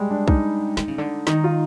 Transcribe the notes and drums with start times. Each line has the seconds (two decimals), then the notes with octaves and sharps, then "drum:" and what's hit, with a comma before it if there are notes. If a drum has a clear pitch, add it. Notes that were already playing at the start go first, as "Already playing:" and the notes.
Already playing: G3 G#3
0.11 D4
0.28 D#4, drum: kick
0.77 D3, drum: snare
0.88 C#3
0.98 D3
1.27 D#3 D#4, drum: snare
1.44 F4